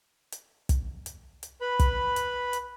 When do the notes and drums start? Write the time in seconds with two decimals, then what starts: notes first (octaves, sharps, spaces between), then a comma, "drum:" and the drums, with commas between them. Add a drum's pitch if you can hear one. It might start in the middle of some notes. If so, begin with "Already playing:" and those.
0.32 drum: hi-hat
0.69 drum: kick, hi-hat
1.06 drum: hi-hat
1.43 drum: hi-hat
1.61 B4 B5
1.79 drum: kick, hi-hat
2.16 drum: hi-hat
2.53 drum: hi-hat